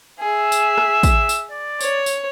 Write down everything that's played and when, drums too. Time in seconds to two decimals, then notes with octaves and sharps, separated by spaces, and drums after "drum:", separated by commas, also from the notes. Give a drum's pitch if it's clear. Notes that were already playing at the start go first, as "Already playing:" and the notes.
0.20 G#4 E5
0.52 drum: tambourine
0.78 drum: rim click
1.03 drum: kick, tambourine
1.29 drum: tambourine
1.51 D5
1.81 C#5, drum: tambourine
2.06 drum: tambourine